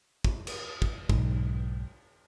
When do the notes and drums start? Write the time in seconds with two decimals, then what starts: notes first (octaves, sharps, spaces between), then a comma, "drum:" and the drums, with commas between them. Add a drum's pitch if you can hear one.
0.25 drum: kick
0.47 drum: cymbal
0.82 drum: kick
1.09 B1 G#2, drum: kick